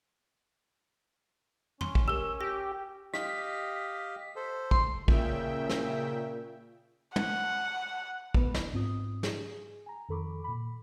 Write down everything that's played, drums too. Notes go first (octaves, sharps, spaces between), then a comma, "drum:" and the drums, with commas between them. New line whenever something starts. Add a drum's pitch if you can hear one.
C#4 C6, drum: tom
drum: kick
G4 A#4 E6
G4 A#6
G4 D#5 F5 B6, drum: rim click
A4 C5
C6, drum: kick
A#2 C#3 E5 G5, drum: kick
drum: snare
F#5, drum: tom
C#2 B3 B4 B5, drum: kick
drum: snare
G#2 C4 F4 D#6
G#4, drum: snare
G#5 A#5
F2 D#3 A4 B5 C#6 D6
A#2 B5